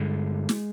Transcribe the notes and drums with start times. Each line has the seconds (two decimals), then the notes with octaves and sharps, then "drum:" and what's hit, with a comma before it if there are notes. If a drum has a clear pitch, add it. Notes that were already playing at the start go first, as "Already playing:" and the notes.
Already playing: G2 D3 G#3
0.49 drum: snare